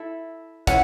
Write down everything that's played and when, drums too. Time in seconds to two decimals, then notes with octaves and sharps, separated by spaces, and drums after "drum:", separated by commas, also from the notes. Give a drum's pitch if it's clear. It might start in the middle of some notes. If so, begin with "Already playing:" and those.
Already playing: E4 A4
0.67 C#4 E4 F#5, drum: kick, hi-hat